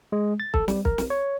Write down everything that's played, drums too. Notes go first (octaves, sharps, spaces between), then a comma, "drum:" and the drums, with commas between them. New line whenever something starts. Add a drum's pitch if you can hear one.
G#3
A6
A4, drum: kick B1
G3, drum: snare
A#4, drum: kick B1
drum: snare
C#5